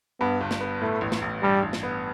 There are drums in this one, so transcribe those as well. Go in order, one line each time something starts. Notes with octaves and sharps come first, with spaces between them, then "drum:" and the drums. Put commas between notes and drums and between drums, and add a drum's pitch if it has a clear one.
G2 B3
G1
drum: snare
B3
A2 A3
A1
drum: snare
A1
G2 G3
A1
drum: snare
B3